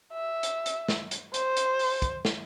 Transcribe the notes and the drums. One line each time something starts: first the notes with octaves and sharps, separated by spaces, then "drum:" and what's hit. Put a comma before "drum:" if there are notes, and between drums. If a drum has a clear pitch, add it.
E5
drum: hi-hat
drum: hi-hat
drum: snare
drum: hi-hat
C5, drum: hi-hat
drum: hi-hat
drum: open hi-hat
drum: kick, hi-hat
drum: snare